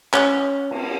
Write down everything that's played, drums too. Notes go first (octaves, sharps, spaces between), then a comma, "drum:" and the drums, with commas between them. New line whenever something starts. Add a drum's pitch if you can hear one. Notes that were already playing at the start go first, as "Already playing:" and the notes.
C#4, drum: clap
drum: cymbal